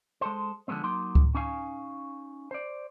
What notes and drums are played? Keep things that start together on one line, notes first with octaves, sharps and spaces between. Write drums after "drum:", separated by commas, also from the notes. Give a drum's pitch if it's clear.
G#3 A4 C5
D3 F3 G#3 B3 C4
F#3 A#3 D#4 C6
drum: kick C#2
C#4 D#4 E4 F5 G#5
C5 D5